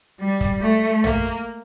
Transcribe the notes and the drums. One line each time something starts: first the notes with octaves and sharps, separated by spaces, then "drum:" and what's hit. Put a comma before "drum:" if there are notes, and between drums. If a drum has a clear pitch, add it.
G3
drum: kick, hi-hat
A3
drum: hi-hat
A#3, drum: tom A#1
drum: hi-hat